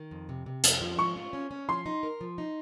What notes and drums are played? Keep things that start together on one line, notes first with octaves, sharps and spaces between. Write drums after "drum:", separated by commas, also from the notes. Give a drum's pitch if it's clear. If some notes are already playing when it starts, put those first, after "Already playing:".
Already playing: D#3
F2
C3
C3
F2, drum: hi-hat
F3
G#2 C#6
F4
C#4
C#4
F3 C6
D#4
A#4
F3
D#4